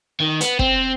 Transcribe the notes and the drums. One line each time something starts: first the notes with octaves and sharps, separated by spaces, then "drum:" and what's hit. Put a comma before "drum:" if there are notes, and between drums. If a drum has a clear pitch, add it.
D#3
B3, drum: hi-hat
C4, drum: kick